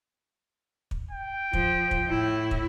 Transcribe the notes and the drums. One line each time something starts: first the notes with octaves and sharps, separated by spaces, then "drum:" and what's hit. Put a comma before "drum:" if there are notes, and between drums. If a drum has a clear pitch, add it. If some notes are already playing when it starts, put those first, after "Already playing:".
drum: kick
G5
F3, drum: kick
drum: kick
A2 E4
drum: kick